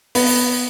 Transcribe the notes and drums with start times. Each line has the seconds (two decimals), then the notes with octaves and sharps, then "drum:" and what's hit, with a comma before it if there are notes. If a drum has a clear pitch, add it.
0.15 B3, drum: open hi-hat